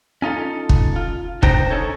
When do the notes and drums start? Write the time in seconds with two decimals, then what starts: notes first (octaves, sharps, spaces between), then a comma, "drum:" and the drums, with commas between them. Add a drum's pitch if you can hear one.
0.22 C#4 D#4 F4 A4
0.69 drum: kick
0.96 F4
1.43 D4 D#4 C5 G5 A#5, drum: kick
1.71 C#4 D#4 A4 C#5